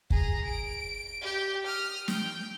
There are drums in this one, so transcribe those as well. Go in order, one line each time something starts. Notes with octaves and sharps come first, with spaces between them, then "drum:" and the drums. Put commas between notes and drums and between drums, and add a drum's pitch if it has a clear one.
G#4 A#5, drum: kick
D7
G4 G5
D#6 F6
G5, drum: snare